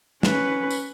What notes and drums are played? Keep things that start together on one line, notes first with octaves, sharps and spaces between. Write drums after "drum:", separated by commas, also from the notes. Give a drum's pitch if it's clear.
C#4 B4, drum: snare
drum: tambourine